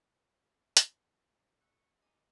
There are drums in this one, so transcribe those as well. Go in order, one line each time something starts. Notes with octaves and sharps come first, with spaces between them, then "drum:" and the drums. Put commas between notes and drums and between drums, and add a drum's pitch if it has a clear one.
drum: hi-hat
C#6 E6 F#6
D#4 D#5 G#5 D6